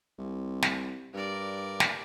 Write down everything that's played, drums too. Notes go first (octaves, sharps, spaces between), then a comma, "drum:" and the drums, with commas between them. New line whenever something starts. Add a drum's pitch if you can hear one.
C2
drum: snare
G2 A#4 D5
drum: snare